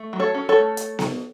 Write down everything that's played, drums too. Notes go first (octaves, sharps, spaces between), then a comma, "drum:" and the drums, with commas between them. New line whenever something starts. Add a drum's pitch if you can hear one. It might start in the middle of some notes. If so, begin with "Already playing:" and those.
Already playing: A3
F#3
A4 C#5
C#4
A4 C#5
A3
drum: hi-hat
drum: snare B3